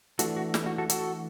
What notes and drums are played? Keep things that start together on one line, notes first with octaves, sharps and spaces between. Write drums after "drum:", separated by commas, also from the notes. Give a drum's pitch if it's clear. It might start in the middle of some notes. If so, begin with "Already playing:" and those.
E3 A3 D4 F#4 A4, drum: hi-hat
F#4
E4, drum: snare
F#4
F#4 A4
F#4 A4, drum: hi-hat